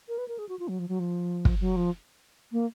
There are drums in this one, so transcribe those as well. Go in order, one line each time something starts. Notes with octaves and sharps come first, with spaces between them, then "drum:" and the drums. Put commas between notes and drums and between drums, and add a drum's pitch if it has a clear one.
A#4
B4
A#4
G#4
F#4
F4
F#3
F3
F#3
F3
drum: kick
F#3
F3
A#3